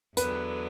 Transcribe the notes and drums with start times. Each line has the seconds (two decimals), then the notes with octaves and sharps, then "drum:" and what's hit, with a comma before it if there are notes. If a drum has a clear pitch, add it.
0.17 E2 D3 F#3 B3 B4, drum: hi-hat